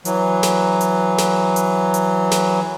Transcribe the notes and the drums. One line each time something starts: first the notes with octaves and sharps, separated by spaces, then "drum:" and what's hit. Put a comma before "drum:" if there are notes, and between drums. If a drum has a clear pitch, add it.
E3 F#3, drum: hi-hat
drum: snare
drum: hi-hat
drum: snare
drum: hi-hat
drum: hi-hat
drum: snare